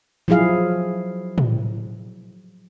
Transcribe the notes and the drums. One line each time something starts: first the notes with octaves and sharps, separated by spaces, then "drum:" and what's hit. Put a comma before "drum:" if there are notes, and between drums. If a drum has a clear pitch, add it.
F3 F#3 E4 G#4 F5
drum: tom